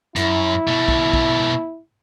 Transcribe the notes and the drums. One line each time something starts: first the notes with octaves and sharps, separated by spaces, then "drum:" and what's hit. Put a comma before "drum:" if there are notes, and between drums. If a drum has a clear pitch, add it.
F#2 E4, drum: hi-hat
B2 A3
drum: kick
drum: kick